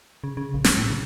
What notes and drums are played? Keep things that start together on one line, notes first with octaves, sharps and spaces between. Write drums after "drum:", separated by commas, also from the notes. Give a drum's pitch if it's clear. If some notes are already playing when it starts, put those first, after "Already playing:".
C#3
C#3
A#1
drum: snare
A2
C#3